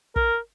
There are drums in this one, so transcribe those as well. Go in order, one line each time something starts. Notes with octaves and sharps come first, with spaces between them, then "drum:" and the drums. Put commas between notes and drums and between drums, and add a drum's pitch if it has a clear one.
A#4, drum: kick